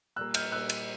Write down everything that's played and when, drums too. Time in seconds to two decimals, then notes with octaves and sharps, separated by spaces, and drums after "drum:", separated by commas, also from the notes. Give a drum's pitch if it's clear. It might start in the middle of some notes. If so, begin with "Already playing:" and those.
0.16 A#2 G3 A#3 E6 F#6
0.34 F6 G6, drum: cymbal
0.52 A#2 G3 A#3 E6 F#6
0.69 drum: cymbal